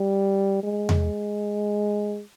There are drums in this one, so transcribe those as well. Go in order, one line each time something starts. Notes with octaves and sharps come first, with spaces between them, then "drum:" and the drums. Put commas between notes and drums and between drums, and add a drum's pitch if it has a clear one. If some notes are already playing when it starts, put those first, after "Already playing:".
Already playing: G3
G#3
drum: tom E2